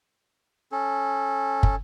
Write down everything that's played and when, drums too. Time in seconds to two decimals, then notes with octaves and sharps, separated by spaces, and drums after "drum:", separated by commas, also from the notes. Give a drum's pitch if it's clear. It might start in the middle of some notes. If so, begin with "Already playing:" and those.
0.72 C#4 A4
1.63 drum: kick